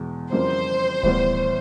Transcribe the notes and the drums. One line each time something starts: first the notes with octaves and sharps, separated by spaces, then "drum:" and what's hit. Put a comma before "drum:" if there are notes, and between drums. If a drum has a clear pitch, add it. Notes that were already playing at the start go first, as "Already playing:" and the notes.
Already playing: E2 B2 G#3
F2 C#3 E3 G3 A#3 C5
A2 E3 G3 B3, drum: kick D1